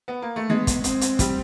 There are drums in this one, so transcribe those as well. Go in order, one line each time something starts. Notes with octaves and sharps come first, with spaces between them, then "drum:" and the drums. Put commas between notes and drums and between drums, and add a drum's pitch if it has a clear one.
B3
A#3
A3
G#3 B3
drum: kick, hi-hat
C4, drum: hi-hat
drum: hi-hat
G3, drum: kick, hi-hat